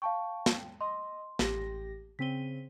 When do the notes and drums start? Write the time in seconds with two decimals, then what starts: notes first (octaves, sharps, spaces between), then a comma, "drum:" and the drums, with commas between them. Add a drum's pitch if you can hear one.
0.02 F5 G5 A5 C#6
0.46 drum: snare
0.81 D#5 C6
1.39 A1 G4 A#6, drum: snare
2.19 C#3 C4 B6 D#7 G7